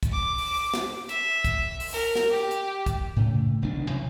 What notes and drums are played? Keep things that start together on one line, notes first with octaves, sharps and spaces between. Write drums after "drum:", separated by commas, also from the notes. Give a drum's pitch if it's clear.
drum: kick, hi-hat
D6
drum: open hi-hat
drum: snare
E5, drum: hi-hat
drum: kick, hi-hat
drum: open hi-hat
A#4
drum: snare
G4
drum: hi-hat
drum: kick, hi-hat
A2 C#3 A3
F1 B1 D#3 D4
D2 C3 E3